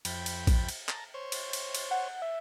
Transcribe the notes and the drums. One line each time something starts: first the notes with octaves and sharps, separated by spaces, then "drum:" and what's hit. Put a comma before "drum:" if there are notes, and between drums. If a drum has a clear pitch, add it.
F2 G5 B5, drum: cymbal
drum: cymbal
drum: kick, cymbal
drum: cymbal
A5 A#5, drum: clap
C5 C#5
drum: cymbal
drum: cymbal
drum: cymbal
F#5
E5